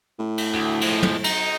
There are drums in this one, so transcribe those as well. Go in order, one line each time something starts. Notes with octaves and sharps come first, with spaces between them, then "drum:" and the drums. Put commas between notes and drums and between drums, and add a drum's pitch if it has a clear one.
A2
drum: cymbal
D2
F3 G#3, drum: cymbal
drum: tom
D#4, drum: cymbal